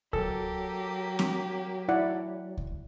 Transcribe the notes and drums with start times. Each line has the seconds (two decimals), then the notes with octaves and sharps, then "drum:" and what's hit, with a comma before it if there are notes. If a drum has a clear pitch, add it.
0.13 F#3 A#3 G4 A4, drum: kick C#2
1.19 drum: snare C4
1.88 E4 D5 F#5
2.57 drum: kick C#2